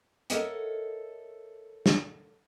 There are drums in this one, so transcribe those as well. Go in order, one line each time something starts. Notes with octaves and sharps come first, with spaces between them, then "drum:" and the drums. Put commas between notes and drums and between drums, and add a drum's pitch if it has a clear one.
A4 A#4 C#5 D#5 E5 F#5, drum: hi-hat
drum: snare